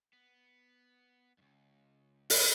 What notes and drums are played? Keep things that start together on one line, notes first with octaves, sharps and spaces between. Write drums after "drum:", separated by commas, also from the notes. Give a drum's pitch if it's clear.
B3
C#2 G2
drum: open hi-hat